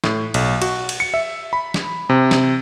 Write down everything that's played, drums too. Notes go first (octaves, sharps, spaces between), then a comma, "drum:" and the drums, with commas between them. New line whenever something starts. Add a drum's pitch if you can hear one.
A2, drum: snare
B1, drum: cymbal
F#4, drum: cymbal
drum: cymbal
C#7
E5
B5
drum: snare
C3
drum: snare